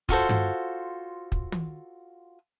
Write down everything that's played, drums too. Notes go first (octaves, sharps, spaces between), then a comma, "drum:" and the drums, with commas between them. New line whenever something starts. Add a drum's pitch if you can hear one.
F4 F#4 A4 C5, drum: kick
drum: tom G2
drum: kick
drum: tom